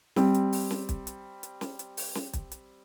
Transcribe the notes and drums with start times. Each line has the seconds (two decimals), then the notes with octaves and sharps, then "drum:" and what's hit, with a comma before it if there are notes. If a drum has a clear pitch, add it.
0.16 G3 C4, drum: snare
0.34 drum: hi-hat
0.53 drum: open hi-hat
0.71 drum: snare
0.89 drum: kick, hi-hat
1.07 drum: hi-hat
1.43 drum: hi-hat
1.61 drum: snare
1.79 drum: hi-hat
1.97 drum: open hi-hat
2.15 drum: snare
2.33 drum: kick, hi-hat
2.52 drum: hi-hat